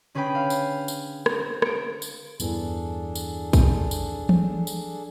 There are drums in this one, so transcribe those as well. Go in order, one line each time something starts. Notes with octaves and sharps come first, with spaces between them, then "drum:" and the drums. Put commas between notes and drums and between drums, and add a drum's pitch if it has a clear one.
D3 C#4 G#4 B4 G5 B5
F5
drum: tambourine
drum: tambourine
drum: rim click
C4
C#7 D7, drum: rim click
drum: tambourine
E2 G2 E3 D4 G#4 A4, drum: tambourine
drum: tambourine
drum: kick, tambourine
drum: tambourine
drum: tom E3
drum: tambourine